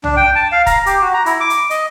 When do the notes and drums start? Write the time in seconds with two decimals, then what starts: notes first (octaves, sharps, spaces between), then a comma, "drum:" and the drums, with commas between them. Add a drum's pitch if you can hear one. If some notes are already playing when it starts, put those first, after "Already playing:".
0.04 D4, drum: tom
0.17 G5
0.35 A5
0.52 F5
0.67 A#5, drum: kick, hi-hat
0.86 G4, drum: hi-hat
1.02 F#4
1.14 A#5
1.26 E4, drum: hi-hat
1.40 D6
1.50 drum: hi-hat
1.70 D#5, drum: hi-hat